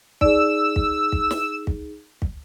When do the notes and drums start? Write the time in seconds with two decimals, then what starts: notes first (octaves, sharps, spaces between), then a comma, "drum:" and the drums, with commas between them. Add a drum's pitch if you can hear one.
0.21 D#4 G#4 D5 E6, drum: kick
0.76 drum: kick
1.12 drum: kick
1.31 drum: snare
1.67 drum: kick
2.22 drum: kick